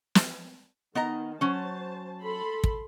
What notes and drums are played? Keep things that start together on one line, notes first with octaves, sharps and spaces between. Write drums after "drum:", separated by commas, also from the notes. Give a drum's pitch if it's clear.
drum: snare
D#3 B3 D#5 A#5
F#3 C#4 C5 A5
A4 B5 C6
drum: kick